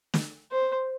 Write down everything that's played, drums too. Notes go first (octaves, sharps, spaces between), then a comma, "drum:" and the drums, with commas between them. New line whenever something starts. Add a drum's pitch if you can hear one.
drum: snare
C5